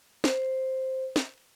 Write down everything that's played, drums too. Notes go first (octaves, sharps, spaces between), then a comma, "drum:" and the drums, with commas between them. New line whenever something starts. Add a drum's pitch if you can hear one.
C5, drum: snare
drum: snare